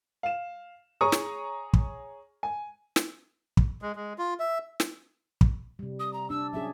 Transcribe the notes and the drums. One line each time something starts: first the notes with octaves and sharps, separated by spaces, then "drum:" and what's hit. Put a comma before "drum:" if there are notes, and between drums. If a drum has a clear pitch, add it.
F5 E7
G#4 C#5 A#5 C#6 D#6
drum: snare
drum: kick
G#5
drum: snare
drum: kick
G#3
G#3
F4
E5
drum: snare
drum: kick
C3 G3
D#6
A#5
D4 E6
F#3 C#4 G#4 E5